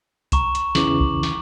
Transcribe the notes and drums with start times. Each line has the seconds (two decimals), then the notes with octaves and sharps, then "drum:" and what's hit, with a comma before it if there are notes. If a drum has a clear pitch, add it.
0.32 A#5 C#6 E7, drum: kick C2, hi-hat
0.55 drum: hi-hat
0.75 E2 C#3 E3 D6 F#7, drum: snare
1.00 drum: kick C2
1.23 drum: snare